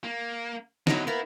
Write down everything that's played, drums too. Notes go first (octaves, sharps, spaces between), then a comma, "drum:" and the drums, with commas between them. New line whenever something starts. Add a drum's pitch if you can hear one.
A#3
D3 F#3 D#4 E4, drum: snare
A#3 B3 E4